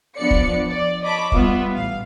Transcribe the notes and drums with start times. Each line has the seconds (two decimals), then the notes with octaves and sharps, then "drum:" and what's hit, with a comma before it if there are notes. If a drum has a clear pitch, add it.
0.16 F3 B3 D4 D5 C#7
0.31 drum: kick
0.70 D5
1.02 C#5 D#5 A5 B5 D6
1.32 G3 B3 F4 E5, drum: kick
1.73 A1 F5